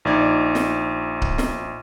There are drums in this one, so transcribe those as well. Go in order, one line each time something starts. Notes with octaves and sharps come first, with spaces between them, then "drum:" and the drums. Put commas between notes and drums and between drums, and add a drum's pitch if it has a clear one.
A#1 D#4 D5 G#6
drum: snare
drum: kick C#1
drum: snare